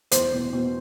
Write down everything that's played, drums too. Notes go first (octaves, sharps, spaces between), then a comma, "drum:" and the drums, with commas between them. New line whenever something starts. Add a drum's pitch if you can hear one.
E2 C5, drum: hi-hat
B2
B2